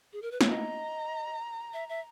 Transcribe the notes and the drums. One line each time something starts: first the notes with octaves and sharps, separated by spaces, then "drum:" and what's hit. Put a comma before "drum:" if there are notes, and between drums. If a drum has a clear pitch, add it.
G#4
A#4
B4
C#5, drum: snare
D#5 A#5
E5
E5